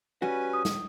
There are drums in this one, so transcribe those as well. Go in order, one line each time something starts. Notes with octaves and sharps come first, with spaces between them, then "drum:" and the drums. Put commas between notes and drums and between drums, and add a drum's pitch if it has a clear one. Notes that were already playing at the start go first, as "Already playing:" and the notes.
G3 C#4 F#4 B4 G#5
D#6
drum: snare